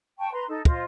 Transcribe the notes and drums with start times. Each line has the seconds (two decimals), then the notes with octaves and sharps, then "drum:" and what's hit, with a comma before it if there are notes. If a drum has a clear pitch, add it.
0.18 G5 A5 C#6
0.32 B4 A#5 C6
0.48 D#4 A4
0.65 F4 C5 D#5, drum: kick